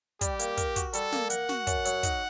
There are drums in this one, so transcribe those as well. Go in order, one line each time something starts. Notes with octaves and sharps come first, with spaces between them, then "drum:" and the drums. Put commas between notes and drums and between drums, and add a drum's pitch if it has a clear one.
G3 G4, drum: kick, hi-hat
A#3, drum: hi-hat
A#4, drum: kick, hi-hat
F#4, drum: kick, hi-hat
G3 A4, drum: hi-hat
A#3, drum: snare
A#4 F#5, drum: hi-hat
F#4, drum: snare
F#2, drum: kick, hi-hat
F#3, drum: hi-hat
D#4, drum: kick, hi-hat